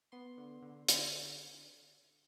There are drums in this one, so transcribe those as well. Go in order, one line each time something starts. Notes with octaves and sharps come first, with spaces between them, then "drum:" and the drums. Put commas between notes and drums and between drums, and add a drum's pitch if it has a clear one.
B3 C6
D3
D3
D3, drum: hi-hat